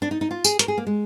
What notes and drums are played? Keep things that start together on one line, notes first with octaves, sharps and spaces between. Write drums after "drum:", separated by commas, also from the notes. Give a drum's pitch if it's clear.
D4
D#4
D#4
F4
G#4, drum: tambourine
A#4, drum: hi-hat
G#4
A#3
G#3